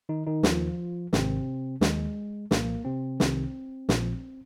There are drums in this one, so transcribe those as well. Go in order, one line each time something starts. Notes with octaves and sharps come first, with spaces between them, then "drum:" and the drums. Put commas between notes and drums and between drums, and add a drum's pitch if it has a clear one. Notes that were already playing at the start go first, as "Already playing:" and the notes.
D#3 D#4
D#3 D#4
D#2 D#3 F3 F4, drum: snare
G#1 G#2 C3 D#3 C4, drum: snare
D#2 D#3 G#3, drum: snare
C2 A#2 F3 A#3, drum: snare
C3 C4
C2 C3 D#3, drum: snare
A#1 A#2 F3, drum: snare